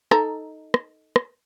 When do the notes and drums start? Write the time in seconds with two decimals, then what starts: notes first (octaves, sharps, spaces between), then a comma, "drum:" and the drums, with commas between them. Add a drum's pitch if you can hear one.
0.11 D#4 A4 A#5, drum: rim click
0.74 drum: rim click
1.16 drum: rim click